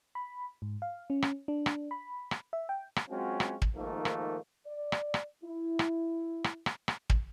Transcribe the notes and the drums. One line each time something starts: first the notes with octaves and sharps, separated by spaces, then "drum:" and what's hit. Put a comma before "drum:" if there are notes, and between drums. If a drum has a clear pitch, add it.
B5
G#2
F5
C#4
drum: rim click
D4
drum: rim click
B5
drum: rim click
E5
G5
drum: rim click
F#3 G#3 C4 C#4 F4 F#4
drum: rim click
drum: kick
G#2 D#3 F3 A3 A#3
drum: rim click
D5
drum: rim click
drum: rim click
E4
drum: rim click
drum: rim click
drum: rim click
drum: rim click
drum: kick